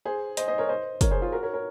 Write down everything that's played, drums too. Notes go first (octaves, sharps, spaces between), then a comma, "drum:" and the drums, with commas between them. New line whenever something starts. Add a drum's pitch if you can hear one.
G#4 C5
C5 D#5, drum: hi-hat
C5 D#5
A#4 C#5
C5 D#5
A#4 C#5, drum: kick, hi-hat
G#4 C5
F4 G#4
F#4 A#4
A#4 C#5
A#4 C#5